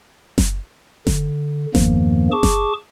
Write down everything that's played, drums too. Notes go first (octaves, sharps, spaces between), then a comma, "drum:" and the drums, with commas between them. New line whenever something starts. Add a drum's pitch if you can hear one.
drum: snare F#1
D3, drum: snare F#1
E2 G2 D#3 F3 A#3, drum: snare F#1
G#4 A5 C#6 D6
drum: snare F#1